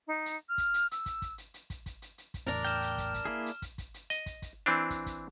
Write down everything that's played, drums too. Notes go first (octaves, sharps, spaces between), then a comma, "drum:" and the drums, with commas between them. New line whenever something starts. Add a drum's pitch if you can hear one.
D#4
drum: hi-hat
F6
drum: kick, hi-hat
drum: hi-hat
E6, drum: hi-hat
drum: kick, hi-hat
drum: kick, hi-hat
drum: hi-hat
drum: hi-hat
drum: kick, hi-hat
drum: kick, hi-hat
drum: hi-hat
drum: hi-hat
drum: kick, hi-hat
E2 A2 D4 A#4
G5 F6 E7, drum: hi-hat
drum: hi-hat
drum: kick, hi-hat
drum: kick, hi-hat
A#3 E4 G#4
drum: hi-hat
drum: kick, hi-hat
drum: kick, hi-hat
drum: hi-hat
D#5, drum: hi-hat
drum: kick, hi-hat
drum: kick, hi-hat
E3 C4 D4
drum: kick, hi-hat
drum: kick, hi-hat